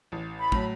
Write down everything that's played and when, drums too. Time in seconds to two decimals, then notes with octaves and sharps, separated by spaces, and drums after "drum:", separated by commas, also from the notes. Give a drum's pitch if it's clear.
0.12 A1
0.38 B5
0.52 A2 F#3, drum: kick